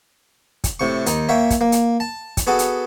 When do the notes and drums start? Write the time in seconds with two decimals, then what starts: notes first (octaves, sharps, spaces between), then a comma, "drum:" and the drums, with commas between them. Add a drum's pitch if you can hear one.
0.64 drum: kick, hi-hat
0.79 A2 C3 C#6
1.06 D#2 D#4, drum: hi-hat
1.29 A#3 C#5 E5 G5
1.50 drum: kick, hi-hat
1.61 A#3
1.72 drum: hi-hat
2.00 A5
2.37 drum: kick, hi-hat
2.47 B3 F#4 G#4 A4
2.59 drum: hi-hat